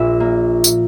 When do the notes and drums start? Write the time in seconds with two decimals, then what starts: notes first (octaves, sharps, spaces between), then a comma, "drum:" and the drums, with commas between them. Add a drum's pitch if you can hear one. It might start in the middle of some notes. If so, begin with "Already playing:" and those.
Already playing: A#1 A#2 E5
0.20 A#3
0.64 drum: tambourine